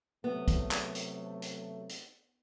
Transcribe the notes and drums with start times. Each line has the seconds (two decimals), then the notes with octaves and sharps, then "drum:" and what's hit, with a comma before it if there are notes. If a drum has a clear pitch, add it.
0.24 C3 F#3 A3 B3
0.48 drum: kick, hi-hat
0.71 drum: clap
0.95 drum: hi-hat
1.42 drum: hi-hat
1.89 drum: hi-hat